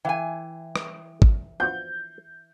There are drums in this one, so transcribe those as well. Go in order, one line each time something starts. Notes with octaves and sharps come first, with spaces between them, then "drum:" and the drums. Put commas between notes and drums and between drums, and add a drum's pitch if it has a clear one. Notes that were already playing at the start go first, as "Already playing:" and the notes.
E3 B4 F5 G5 G#5
drum: rim click
drum: kick G#1
F3 B3 F#4 G6